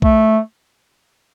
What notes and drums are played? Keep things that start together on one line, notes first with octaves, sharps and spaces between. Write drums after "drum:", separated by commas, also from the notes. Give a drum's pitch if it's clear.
A3, drum: kick B1